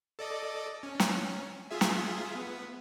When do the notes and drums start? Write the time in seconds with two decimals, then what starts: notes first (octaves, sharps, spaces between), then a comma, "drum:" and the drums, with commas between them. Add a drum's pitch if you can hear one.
0.19 A4 D5 D#5
0.83 C#4
1.00 drum: snare
1.71 F4 G#4 E5
1.81 drum: snare
2.35 B3